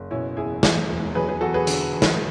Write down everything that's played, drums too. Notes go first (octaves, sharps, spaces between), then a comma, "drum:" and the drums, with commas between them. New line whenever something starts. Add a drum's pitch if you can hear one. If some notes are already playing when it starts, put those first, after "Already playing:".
Already playing: F#1
B2 C#4 E4
E1 E4 G#4
E2, drum: snare
E1
F#3 G#4 B4
G#4 B4
E2 F#4 A4
G#4 B4
D3, drum: hi-hat
E2
drum: snare